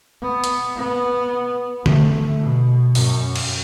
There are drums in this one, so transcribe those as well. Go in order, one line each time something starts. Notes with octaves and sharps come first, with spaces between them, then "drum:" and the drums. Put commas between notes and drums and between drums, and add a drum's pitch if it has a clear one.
B3
drum: hi-hat
B3
A3, drum: tom D3
B2
F#2, drum: open hi-hat
drum: cymbal